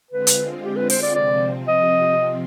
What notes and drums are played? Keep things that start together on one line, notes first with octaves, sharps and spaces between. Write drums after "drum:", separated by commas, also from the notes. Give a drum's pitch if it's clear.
D3 G#3 C4 F4 B4
drum: hi-hat
G4
B4
C5, drum: open hi-hat
D5
C3 F3 C4 D5
D#5